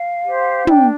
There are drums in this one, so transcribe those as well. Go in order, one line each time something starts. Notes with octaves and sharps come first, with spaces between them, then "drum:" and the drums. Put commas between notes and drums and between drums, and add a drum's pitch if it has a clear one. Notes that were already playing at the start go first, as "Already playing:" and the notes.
Already playing: F5
G4 C5
D4 G5, drum: tom